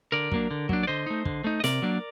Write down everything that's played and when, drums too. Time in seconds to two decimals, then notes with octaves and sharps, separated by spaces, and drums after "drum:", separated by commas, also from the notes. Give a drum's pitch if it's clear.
0.12 D3 A#4 D5
0.32 F#3 A#3 D4, drum: kick
0.51 D3
0.69 F#3 A#3 D4, drum: kick
0.83 D5
0.87 D3 C5 D#5
1.06 A3 D#4
1.25 D3, drum: kick
1.44 A3 D#4
1.60 D#5
1.64 C3 A#4 D5, drum: snare
1.82 F#3 A#3 D4